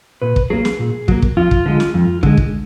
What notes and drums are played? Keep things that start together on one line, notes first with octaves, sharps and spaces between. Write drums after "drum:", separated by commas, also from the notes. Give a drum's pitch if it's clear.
A#2 B4
drum: kick
F#3 A#3 G#4
drum: snare
A#2
F#3 A#3, drum: kick
drum: kick
F2 F4
drum: kick
D3 G#3
drum: snare
F2
D3 G#3, drum: kick
drum: kick